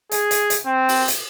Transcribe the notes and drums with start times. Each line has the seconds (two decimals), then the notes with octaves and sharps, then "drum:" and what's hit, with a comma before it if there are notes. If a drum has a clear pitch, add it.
0.11 G#4, drum: hi-hat
0.31 drum: hi-hat
0.50 drum: hi-hat
0.66 C4
0.89 drum: open hi-hat
1.08 drum: hi-hat